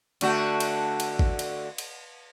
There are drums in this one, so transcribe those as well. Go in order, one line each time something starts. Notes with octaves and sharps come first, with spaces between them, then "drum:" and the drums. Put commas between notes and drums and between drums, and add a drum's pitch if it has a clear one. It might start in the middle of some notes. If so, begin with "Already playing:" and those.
D3 A3 F#4, drum: cymbal
drum: cymbal
drum: cymbal
drum: kick G#1
drum: cymbal
drum: cymbal